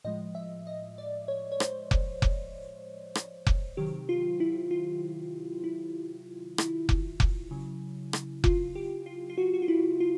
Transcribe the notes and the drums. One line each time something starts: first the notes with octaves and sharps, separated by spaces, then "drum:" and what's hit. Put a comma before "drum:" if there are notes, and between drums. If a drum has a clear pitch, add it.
A2 F3 G#3 D#5
E5
D#5
D5
C#5
C#5
C5, drum: rim click
drum: kick F1
drum: kick F1
drum: rim click
drum: kick F1
C3 D#3 F#3 G4
F4
E4
F4
E4
E4, drum: rim click
drum: kick F1
drum: kick F1
C#3 F#3
drum: rim click
F4, drum: kick F1
G4
F4
F4
F#4
F#4
F4
E4
F4